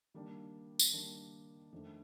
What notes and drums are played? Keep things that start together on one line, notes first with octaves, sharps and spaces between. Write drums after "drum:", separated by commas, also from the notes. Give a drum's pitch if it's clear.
D#3 G3 A#3 D4
drum: tambourine
D#3 G3 A#3 D4
F2 D#3 A3 D4